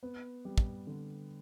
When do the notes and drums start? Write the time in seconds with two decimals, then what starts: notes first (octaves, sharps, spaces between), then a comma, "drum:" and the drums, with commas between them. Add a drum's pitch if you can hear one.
0.03 B3
0.45 G3
0.58 drum: kick
0.87 D3